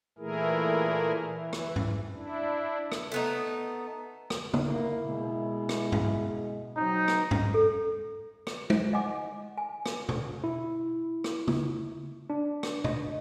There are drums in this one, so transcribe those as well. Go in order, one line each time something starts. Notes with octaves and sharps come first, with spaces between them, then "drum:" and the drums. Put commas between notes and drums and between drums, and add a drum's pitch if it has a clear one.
A#2 E3 A3 E4 G#4 A#4
E3
drum: rim click
drum: tom
D4 E4
drum: rim click
A3 B3 D#4
drum: rim click
drum: tom C#3
A#3 E4
B2 G#3
drum: rim click
drum: tom
F#3 C4 D#4
drum: rim click
drum: tom
A4
drum: rim click
drum: tom G#3
D#5 F#5 G#5 D6
G#5
drum: rim click
drum: tom B2
E4
drum: rim click
drum: tom C#3
D4
drum: rim click
D#5, drum: tom B2